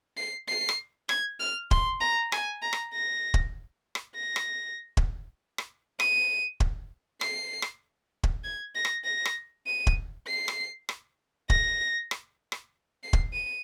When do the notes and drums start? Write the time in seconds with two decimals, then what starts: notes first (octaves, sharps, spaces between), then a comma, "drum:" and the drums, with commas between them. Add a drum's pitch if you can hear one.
0.17 C7
0.48 C7
0.69 drum: rim click
1.09 G#6, drum: rim click
1.40 F6
1.71 C6, drum: kick
2.01 A#5
2.32 G#5, drum: rim click
2.62 A#5
2.73 drum: rim click
2.93 A#6
3.34 drum: kick
3.95 drum: rim click
4.15 A#6
4.36 drum: rim click
4.97 drum: kick
5.58 drum: rim click
6.00 D#7, drum: rim click
6.60 drum: kick
7.21 C7, drum: rim click
7.62 drum: rim click
8.23 drum: kick
8.44 G#6
8.75 A#6
8.85 drum: rim click
9.04 A#6
9.25 drum: rim click
9.67 D#7
9.87 drum: kick
10.28 C7
10.48 drum: rim click
10.89 drum: rim click
11.50 A#6, drum: kick
12.11 drum: rim click
12.52 drum: rim click
13.03 C7
13.13 drum: kick
13.33 D#7